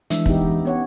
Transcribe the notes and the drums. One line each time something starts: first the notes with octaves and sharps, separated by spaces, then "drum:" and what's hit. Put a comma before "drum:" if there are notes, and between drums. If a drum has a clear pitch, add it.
E3 G#3 D4 E5, drum: hi-hat
B3 D#4 G4, drum: kick
B3 C#4 C#5 F#5